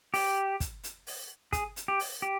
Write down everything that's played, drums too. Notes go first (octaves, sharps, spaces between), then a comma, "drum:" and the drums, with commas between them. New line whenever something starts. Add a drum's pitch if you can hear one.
G4, drum: open hi-hat
drum: kick, hi-hat
drum: hi-hat
drum: open hi-hat
G#4, drum: kick, hi-hat
drum: hi-hat
G4
drum: open hi-hat
G4